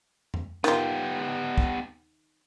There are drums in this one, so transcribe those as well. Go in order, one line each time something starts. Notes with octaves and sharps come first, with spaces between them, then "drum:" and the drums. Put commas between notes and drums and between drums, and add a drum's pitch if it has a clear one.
drum: tom F2
D#3 B3 F4 G4, drum: hi-hat
drum: kick